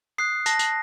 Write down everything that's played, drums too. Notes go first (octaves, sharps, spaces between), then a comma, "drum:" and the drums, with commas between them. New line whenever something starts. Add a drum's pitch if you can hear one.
D#6 F#6 C7
A5 A#6, drum: tambourine
drum: tambourine